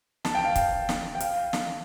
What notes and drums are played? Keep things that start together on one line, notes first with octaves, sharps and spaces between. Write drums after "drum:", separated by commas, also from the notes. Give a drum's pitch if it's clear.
A5, drum: snare
G5
F5
G5, drum: kick, hi-hat
drum: snare
G5
F5, drum: hi-hat
drum: snare